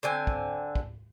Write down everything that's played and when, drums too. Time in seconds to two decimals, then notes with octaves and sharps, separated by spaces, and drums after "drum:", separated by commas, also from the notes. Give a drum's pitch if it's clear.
0.03 D3 C4 G#5
0.27 drum: kick
0.75 drum: kick